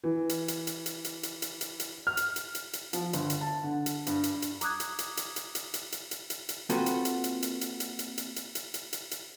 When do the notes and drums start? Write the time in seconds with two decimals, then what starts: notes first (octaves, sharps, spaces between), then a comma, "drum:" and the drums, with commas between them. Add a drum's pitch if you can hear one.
0.04 E3
0.29 drum: hi-hat
0.48 drum: hi-hat
0.67 drum: hi-hat
0.86 drum: hi-hat
1.05 drum: hi-hat
1.23 drum: hi-hat
1.42 drum: hi-hat
1.61 drum: hi-hat
1.80 drum: hi-hat
2.07 F6
2.17 drum: hi-hat
2.36 drum: hi-hat
2.55 drum: hi-hat
2.73 drum: hi-hat
2.93 F3, drum: hi-hat
3.13 G1, drum: hi-hat
3.30 drum: hi-hat
3.41 A5
3.63 D3
3.86 drum: hi-hat
4.07 G2, drum: hi-hat
4.24 drum: hi-hat
4.42 drum: hi-hat
4.61 A#5 D6 D#6 F#6 G#6, drum: hi-hat
4.80 drum: hi-hat
4.99 drum: hi-hat
5.17 drum: hi-hat
5.36 drum: hi-hat
5.55 drum: hi-hat
5.74 drum: hi-hat
5.92 drum: hi-hat
6.11 drum: hi-hat
6.30 drum: hi-hat
6.49 drum: hi-hat
6.70 A#3 C4 F4 F#4 A4 B4, drum: hi-hat
6.86 drum: hi-hat
7.05 drum: hi-hat
7.24 drum: hi-hat
7.42 drum: hi-hat
7.61 drum: hi-hat
7.80 drum: hi-hat
7.99 drum: hi-hat
8.18 drum: hi-hat
8.36 drum: hi-hat
8.55 drum: hi-hat
8.74 drum: hi-hat
8.93 drum: hi-hat
9.11 drum: hi-hat